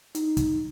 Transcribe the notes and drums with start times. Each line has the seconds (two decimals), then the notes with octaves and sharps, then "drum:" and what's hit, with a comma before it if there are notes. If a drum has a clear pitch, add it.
0.15 D#4, drum: hi-hat
0.37 drum: kick, hi-hat